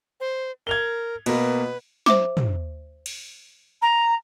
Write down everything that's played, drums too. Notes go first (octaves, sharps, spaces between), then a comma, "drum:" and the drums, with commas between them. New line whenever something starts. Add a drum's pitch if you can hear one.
C5
A#4 G#6 F7 G7
B2 A#3 B4, drum: cymbal
C5 E5 D6, drum: snare
drum: tom
drum: cymbal
A#5